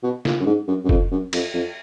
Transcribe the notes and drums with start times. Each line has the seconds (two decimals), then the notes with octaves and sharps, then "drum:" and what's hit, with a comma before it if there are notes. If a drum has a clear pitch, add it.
0.03 B2
0.25 A#2, drum: snare
0.40 F#2
0.46 G#2
0.68 F#2
0.84 F#2
0.89 F2, drum: kick F1
1.11 F#2
1.33 F2, drum: cymbal
1.54 F2